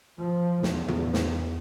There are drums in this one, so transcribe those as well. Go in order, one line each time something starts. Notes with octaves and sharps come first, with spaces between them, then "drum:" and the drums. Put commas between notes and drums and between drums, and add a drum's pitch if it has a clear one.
F3
E2, drum: snare
drum: tom
drum: snare